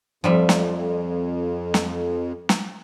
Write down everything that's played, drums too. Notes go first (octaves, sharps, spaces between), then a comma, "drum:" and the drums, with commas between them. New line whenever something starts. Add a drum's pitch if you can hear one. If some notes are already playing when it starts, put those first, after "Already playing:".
F2 F3 G3 E5
drum: snare
drum: snare
drum: snare